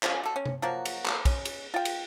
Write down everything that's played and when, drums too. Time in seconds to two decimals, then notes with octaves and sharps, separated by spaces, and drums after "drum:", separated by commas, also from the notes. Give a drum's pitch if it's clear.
0.03 F3 C#4 G#5, drum: clap
0.24 F#4 A4
0.36 C#4
0.46 drum: tom C3
0.62 F3 F#3 A#3 F#4
0.85 drum: cymbal
1.05 drum: clap
1.25 C#4, drum: kick, cymbal
1.45 drum: cymbal
1.74 F4 G5
1.85 drum: cymbal